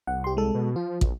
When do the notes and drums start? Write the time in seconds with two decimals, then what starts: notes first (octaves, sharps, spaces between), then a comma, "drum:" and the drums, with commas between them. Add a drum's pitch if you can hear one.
0.07 C2 F#5
0.24 G4 C6
0.37 G#3 A4
0.55 B2
0.76 F3 F4
1.01 B1, drum: kick